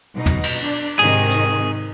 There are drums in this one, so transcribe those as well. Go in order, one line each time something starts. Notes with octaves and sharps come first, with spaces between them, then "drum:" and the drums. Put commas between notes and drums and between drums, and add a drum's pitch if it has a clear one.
B2 D#4
drum: tom E2
drum: cymbal
D4
G#2 C3 D#3 G#4
drum: hi-hat